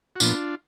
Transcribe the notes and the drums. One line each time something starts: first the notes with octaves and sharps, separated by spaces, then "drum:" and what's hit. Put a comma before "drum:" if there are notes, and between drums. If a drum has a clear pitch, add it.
F#4
A#2 F3 B3 D4 F4, drum: tambourine